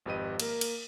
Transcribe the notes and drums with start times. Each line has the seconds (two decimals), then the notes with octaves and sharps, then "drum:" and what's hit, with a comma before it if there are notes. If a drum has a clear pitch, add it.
0.06 G#1 F2 G4 B4 D#5 D#7
0.40 A#3 A#4, drum: cymbal
0.61 drum: cymbal